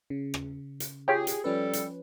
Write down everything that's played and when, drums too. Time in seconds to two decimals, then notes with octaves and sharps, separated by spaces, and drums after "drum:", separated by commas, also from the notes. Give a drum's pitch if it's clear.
0.10 C#3
0.34 drum: rim click
0.80 drum: hi-hat
1.08 F4 G4 G#4 C#5 G5
1.27 drum: hi-hat
1.44 F3 G3 C#4 A4 B4
1.73 drum: hi-hat